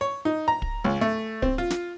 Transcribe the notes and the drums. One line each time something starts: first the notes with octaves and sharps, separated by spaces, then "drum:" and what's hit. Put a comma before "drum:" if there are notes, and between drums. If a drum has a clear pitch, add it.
C#5
D#4
A#5
drum: kick
C#2
A3
C4, drum: kick
F4
drum: snare